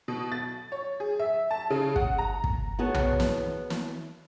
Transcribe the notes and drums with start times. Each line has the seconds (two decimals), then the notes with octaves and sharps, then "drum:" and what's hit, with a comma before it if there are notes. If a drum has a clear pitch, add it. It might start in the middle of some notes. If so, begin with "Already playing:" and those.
0.08 B2
0.32 A6
0.72 C#5
1.00 G#4
1.19 E5
1.51 A5
1.70 C#3
1.96 F#5, drum: kick
2.18 A#5
2.44 drum: kick
2.79 B3 F#4 G#4 A4 C#5
2.94 drum: tom B1
3.20 drum: snare
3.70 drum: snare